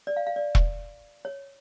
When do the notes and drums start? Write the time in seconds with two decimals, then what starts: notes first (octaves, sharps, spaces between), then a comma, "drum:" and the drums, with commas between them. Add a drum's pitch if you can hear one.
0.07 D5
0.17 F5
0.27 F5
0.36 D5
0.55 drum: kick E1
1.25 C#5